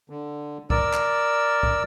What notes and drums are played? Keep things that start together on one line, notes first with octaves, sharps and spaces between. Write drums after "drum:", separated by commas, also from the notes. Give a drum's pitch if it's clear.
D3
A#4 D5 E6, drum: kick
drum: clap
drum: kick